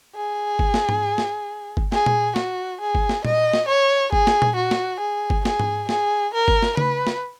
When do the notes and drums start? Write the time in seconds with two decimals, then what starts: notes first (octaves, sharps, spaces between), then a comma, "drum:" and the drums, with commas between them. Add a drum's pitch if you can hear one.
0.16 G#4
0.59 drum: kick G1
0.74 drum: snare
0.89 drum: tom G#2
1.18 drum: snare
1.77 drum: kick G1
1.92 G#4, drum: snare
2.06 drum: tom A#2
2.36 F#4, drum: snare
2.80 G#4
2.95 drum: kick G1
3.09 drum: snare
3.25 D#5, drum: tom A#2
3.54 drum: snare
3.69 C#5
4.13 G#4, drum: kick G1
4.27 drum: snare
4.42 drum: tom A#2
4.56 F#4
4.71 drum: snare
5.00 G#4
5.30 drum: kick G1
5.45 G#4, drum: snare
5.60 drum: tom G#2
5.89 G#4, drum: snare
6.33 A#4
6.48 drum: kick G1
6.63 drum: snare
6.77 B4, drum: tom C#3
7.07 drum: snare